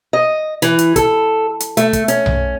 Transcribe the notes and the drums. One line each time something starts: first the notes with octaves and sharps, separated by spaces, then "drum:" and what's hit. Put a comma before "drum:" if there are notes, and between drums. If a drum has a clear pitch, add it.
D#5
E3, drum: hi-hat
drum: hi-hat
A4, drum: kick, hi-hat
drum: hi-hat
A3, drum: hi-hat
drum: kick, hi-hat
C#4, drum: hi-hat
drum: tom B1